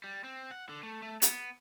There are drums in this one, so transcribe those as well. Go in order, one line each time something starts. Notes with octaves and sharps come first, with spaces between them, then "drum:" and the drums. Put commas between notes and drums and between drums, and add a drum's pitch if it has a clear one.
G3
C4
F#5
D3
A3
A3
B3, drum: hi-hat